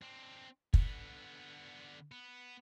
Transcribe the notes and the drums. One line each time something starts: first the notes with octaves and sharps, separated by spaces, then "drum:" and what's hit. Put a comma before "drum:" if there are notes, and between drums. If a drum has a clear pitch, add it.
C4 D4
D3 B3, drum: kick
B3